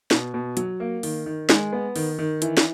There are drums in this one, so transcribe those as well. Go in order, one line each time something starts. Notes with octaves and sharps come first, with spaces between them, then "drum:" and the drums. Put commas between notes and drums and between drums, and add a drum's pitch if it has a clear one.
B2, drum: snare
B2
F#3, drum: hi-hat
A#3
D#3, drum: open hi-hat
D#3
G#3, drum: snare
B3
D#3, drum: open hi-hat
D#3
E3, drum: hi-hat
drum: snare